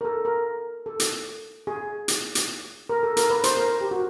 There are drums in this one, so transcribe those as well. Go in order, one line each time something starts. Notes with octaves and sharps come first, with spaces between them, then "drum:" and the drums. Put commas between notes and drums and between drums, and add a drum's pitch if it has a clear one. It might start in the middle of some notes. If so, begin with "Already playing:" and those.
A#4
A4
A#4
A4
drum: hi-hat
G#4
drum: hi-hat
drum: hi-hat
A#4
A4
A#4, drum: hi-hat
B4
C5, drum: hi-hat
A#4
G4
F#4